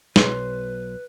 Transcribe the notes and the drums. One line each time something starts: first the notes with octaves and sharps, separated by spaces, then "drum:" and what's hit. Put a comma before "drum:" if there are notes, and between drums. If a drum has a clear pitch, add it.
B1 B4 C5, drum: snare